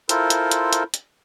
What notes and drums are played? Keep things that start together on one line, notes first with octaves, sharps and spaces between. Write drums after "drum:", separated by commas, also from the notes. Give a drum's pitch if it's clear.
E4 F4 A4 A#4 C5, drum: hi-hat
drum: hi-hat
drum: hi-hat
drum: hi-hat
drum: hi-hat